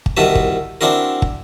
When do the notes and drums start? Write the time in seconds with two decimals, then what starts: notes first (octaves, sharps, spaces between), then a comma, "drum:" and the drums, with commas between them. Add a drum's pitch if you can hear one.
0.06 drum: kick
0.17 C2 D#3 E4 F#4 B4 A5
0.35 drum: kick
0.81 C4 D4 E4 F#4 A#4
1.22 drum: kick